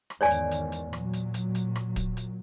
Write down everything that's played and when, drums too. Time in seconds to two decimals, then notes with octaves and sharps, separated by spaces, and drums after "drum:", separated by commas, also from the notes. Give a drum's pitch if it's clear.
0.10 drum: rim click
0.21 E2 G#2 D#3 C#5 D5 G#5
0.31 drum: hi-hat
0.51 drum: hi-hat
0.72 drum: hi-hat
0.93 A#2 F#3, drum: rim click
1.13 drum: hi-hat
1.34 drum: hi-hat
1.55 drum: hi-hat
1.76 drum: rim click
1.96 drum: kick, hi-hat
2.17 drum: hi-hat